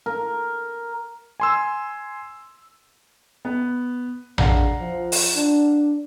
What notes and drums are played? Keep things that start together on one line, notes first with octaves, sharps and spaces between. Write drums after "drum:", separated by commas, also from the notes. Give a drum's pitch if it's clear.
A#4
G#5 C6 E6
B3
F#3 G#3 D4 F5 F#5 A#5, drum: tom A#1
F3
drum: open hi-hat
D4